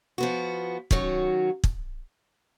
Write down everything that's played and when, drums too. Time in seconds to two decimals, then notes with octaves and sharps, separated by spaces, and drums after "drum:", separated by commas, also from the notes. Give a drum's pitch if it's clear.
0.18 F3 B3 F#4
0.91 D#3 F#3 C#4 F#4, drum: kick
1.64 drum: kick